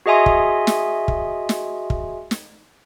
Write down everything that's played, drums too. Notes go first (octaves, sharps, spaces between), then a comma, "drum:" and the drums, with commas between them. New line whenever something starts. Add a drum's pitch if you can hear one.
F#4 G#4 D#5 E5 G#5 C6
drum: kick
drum: snare
drum: kick
drum: snare
drum: kick
drum: snare